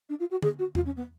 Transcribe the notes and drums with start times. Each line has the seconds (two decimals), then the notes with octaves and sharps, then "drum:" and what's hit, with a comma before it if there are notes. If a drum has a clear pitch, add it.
0.09 D4
0.20 F4
0.31 F#4
0.42 G#4, drum: tom D3
0.59 F#4
0.75 F4, drum: tom E2
0.85 C#4
0.96 B3